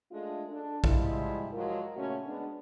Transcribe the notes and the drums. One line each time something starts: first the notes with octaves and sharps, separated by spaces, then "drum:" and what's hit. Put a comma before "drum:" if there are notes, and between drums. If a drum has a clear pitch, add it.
G#3 A3 D4 F4
D4 A4
F3 G3 G#3 E4, drum: kick A#1
F3 F#3 G#3 F4 A#4
A#2 C#3 A3 C#4 F#4
G#3 B3 D4